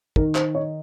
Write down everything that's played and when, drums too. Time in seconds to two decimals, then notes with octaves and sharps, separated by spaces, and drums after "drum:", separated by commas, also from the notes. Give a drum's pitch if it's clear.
0.16 D#3 A#4, drum: kick
0.35 C5, drum: clap
0.55 D#4 C#5